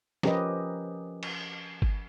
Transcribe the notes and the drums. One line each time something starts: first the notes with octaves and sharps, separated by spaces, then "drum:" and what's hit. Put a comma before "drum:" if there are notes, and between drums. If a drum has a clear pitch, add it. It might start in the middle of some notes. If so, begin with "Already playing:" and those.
F3 C#4 G4 A#4 B4 D#5, drum: snare
drum: cymbal
drum: kick G1